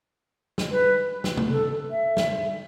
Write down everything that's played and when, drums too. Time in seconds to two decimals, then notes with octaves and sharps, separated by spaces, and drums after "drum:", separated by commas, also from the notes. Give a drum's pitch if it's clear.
0.58 drum: snare
0.71 B4
1.24 drum: snare
1.37 drum: tom
1.50 A4
1.91 E5
2.17 drum: snare